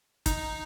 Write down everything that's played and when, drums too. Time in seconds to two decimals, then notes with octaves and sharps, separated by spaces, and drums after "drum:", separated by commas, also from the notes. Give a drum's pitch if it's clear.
0.26 D#4, drum: kick G#1, hi-hat